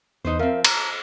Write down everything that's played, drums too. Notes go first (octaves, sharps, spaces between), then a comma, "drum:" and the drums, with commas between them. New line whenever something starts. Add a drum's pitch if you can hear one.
E2 D#4 B4 C5
F3 C4 A#4 E5 F5
A5 A#5, drum: cymbal